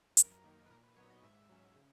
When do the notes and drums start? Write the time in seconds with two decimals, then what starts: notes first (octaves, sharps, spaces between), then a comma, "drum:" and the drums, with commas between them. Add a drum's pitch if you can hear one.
0.17 F#2 A#4, drum: hi-hat
0.44 D#3 A#3 D#4
0.66 B4
0.70 A#2 A#4
0.83 B4
0.96 F#3 B3 D#4 C#5
1.10 D#5
1.22 G#2 E5
1.49 F#3 C#4
1.76 C#3